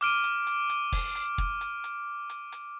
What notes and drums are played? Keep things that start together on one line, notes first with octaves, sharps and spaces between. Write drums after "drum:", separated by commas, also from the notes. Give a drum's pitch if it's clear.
D6 F6 D7 D#7, drum: hi-hat
drum: hi-hat
drum: hi-hat
drum: hi-hat
drum: kick, open hi-hat
drum: hi-hat
drum: kick, hi-hat
drum: hi-hat
drum: hi-hat
drum: hi-hat
drum: hi-hat